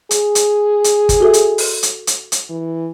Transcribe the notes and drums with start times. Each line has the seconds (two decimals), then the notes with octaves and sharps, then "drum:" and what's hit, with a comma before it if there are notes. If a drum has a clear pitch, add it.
0.11 G#4, drum: hi-hat
0.35 drum: hi-hat
0.84 drum: hi-hat
1.09 drum: kick G1, hi-hat
1.20 F#4 A4 E5
1.33 drum: hi-hat
1.58 drum: open hi-hat
1.83 drum: hi-hat
2.07 drum: hi-hat
2.32 drum: hi-hat
2.50 E3